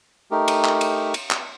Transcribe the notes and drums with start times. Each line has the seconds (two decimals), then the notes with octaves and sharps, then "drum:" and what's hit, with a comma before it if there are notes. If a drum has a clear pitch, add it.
0.31 A3 D#4 G4 A#4
0.48 drum: cymbal
0.64 drum: clap
0.81 drum: cymbal
1.14 drum: cymbal
1.31 drum: clap